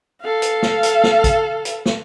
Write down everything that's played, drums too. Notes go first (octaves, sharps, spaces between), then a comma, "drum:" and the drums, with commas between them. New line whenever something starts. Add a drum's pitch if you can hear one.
A4 F5
drum: hi-hat
drum: snare
drum: hi-hat
drum: snare
drum: kick, hi-hat
drum: hi-hat
drum: snare